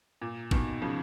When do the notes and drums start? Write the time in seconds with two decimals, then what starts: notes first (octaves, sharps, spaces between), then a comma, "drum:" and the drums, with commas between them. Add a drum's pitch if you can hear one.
0.22 A#2
0.51 B2 D#3, drum: kick
0.82 C#3 F3